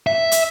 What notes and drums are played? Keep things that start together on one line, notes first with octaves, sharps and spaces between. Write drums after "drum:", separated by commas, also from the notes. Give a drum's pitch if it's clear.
E5
drum: hi-hat